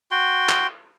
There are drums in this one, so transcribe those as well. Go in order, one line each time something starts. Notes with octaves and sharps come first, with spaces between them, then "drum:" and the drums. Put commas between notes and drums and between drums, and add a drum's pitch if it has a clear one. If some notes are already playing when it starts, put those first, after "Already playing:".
F#4 G5 C6
drum: clap